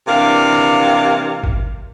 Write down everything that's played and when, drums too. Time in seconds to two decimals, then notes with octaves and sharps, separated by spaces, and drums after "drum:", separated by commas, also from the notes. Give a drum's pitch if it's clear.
0.07 C3 E3 A#3 D4 F5
0.53 drum: rim click
1.44 drum: kick G#1